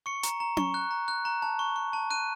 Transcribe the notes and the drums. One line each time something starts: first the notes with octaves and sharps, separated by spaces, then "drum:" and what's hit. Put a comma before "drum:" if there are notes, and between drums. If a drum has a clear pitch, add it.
C#6 C#7
A#5, drum: hi-hat
A#5
C#6, drum: tom C#4
F#6
A#5
F#6
A#5
A5
C#6
C#6
A5
F#6 D#7